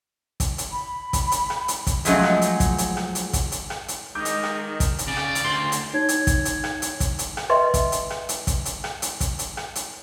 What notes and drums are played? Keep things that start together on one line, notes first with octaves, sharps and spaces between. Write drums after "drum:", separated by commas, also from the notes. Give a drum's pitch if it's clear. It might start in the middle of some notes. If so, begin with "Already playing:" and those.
drum: kick, hi-hat
drum: hi-hat
B5
drum: kick, hi-hat
drum: hi-hat
drum: rim click
drum: hi-hat
drum: kick, hi-hat
F3 F#3 G#3 A3 C#4 D#5, drum: hi-hat
drum: rim click
drum: hi-hat
drum: kick, hi-hat
drum: hi-hat
drum: rim click
drum: hi-hat
drum: kick, hi-hat
drum: hi-hat
drum: rim click
drum: hi-hat
D#3 G#3 D#4 D#5 D6 G6
drum: hi-hat
drum: rim click
drum: kick, hi-hat
drum: hi-hat
C#3 D5
drum: rim click
drum: hi-hat
D2 C6
drum: hi-hat
D#4 C#5 G#6
drum: hi-hat
drum: kick, hi-hat
drum: hi-hat
drum: rim click
drum: hi-hat
drum: kick, hi-hat
drum: hi-hat
drum: rim click
B4 D#5 E5 G5 C6
drum: kick, hi-hat
drum: hi-hat
drum: rim click
drum: hi-hat
drum: kick, hi-hat
drum: hi-hat
drum: rim click
drum: hi-hat
drum: kick, hi-hat
drum: hi-hat
drum: rim click
drum: hi-hat